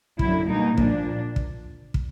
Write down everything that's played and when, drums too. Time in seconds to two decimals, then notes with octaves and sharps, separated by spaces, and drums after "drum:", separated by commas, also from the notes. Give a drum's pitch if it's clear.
0.19 F#2 D3 F#3 E4, drum: kick
0.49 B2 G3 A#3 D#4
0.77 A#2 F3 A#3 D4, drum: kick
1.36 drum: kick
1.94 drum: kick